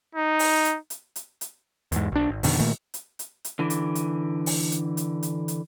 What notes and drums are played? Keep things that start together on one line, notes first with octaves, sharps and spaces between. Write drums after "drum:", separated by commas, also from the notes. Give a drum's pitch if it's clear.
D#4
drum: open hi-hat
drum: hi-hat
drum: hi-hat
drum: hi-hat
drum: hi-hat
E2 G#2, drum: hi-hat
B1 D4
G#1
F2 B2 D3 D#3, drum: open hi-hat
A#2 D#3 A3 A#3
drum: hi-hat
drum: hi-hat
drum: hi-hat
D3 E3
drum: hi-hat
drum: hi-hat
drum: open hi-hat
drum: hi-hat
drum: hi-hat
drum: hi-hat
drum: hi-hat